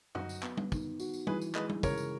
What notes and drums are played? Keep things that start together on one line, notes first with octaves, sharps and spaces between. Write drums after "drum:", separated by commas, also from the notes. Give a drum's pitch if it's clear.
F#3 D#4 F#4, drum: tom
drum: tambourine
B3, drum: clap
drum: tom
D#3, drum: kick, tambourine
F#4, drum: tambourine
drum: tambourine
E3 G#4 B4, drum: tom
drum: tambourine
G#3 B4 D#5, drum: clap
drum: tom
C#3 A#4 C#5, drum: kick, tambourine
drum: tambourine